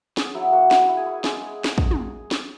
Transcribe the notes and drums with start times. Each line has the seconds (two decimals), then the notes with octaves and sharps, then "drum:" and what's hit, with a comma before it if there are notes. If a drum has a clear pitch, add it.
0.17 C#4 G#4, drum: snare
0.35 F#3 E4 E5
0.52 A#3 F#4 F#5
0.71 E4, drum: snare
0.89 E4
0.97 G#4 G#5
1.06 E4
1.24 G#3 G#4 G#5, drum: snare
1.64 drum: snare
1.78 drum: kick
1.91 drum: tom
2.31 drum: snare